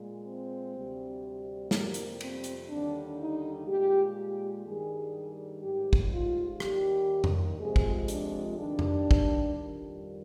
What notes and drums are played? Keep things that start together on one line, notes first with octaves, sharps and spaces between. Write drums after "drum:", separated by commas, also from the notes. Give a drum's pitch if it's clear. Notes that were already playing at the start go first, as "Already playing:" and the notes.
Already playing: A#2 G#3
C4
D2 C3 G3
F2 C3 G3 A#3, drum: snare
drum: hi-hat
C4, drum: cymbal
drum: hi-hat
D#2 D3 G3 D4
D#4
A#2 G#3 G4
G4
G2 D#3 G3 G#4
G#2 G3 G4
drum: kick
F4
D#2 D#3 G3 G4, drum: rim click
drum: tom F2
F2 C3 F3 G#3 G#4
drum: kick
D4, drum: hi-hat
G2 D#3 G3 D4
drum: tom F2
drum: kick
F2 D#3 G3